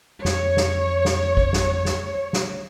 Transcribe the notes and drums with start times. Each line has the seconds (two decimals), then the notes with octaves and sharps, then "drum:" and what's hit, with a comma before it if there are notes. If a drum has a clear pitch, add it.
0.25 F2 C#5, drum: snare
0.57 drum: snare
1.05 drum: snare
1.37 drum: kick G#1
1.53 drum: snare
1.85 drum: snare
2.33 drum: snare